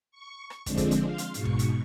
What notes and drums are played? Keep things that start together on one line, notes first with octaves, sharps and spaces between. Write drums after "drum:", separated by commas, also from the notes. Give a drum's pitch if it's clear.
C#6
drum: rim click
D3 F3 G#3 C4 D4, drum: kick, hi-hat
drum: kick, hi-hat
drum: hi-hat
F5 C6
drum: hi-hat
G#2 B2 C#6, drum: hi-hat
drum: kick
drum: hi-hat